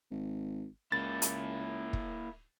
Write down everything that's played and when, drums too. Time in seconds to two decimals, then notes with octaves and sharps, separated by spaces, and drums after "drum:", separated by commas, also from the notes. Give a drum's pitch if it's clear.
0.11 G#1
0.92 C#2 A#3 E4 A6
1.22 drum: hi-hat
1.93 drum: kick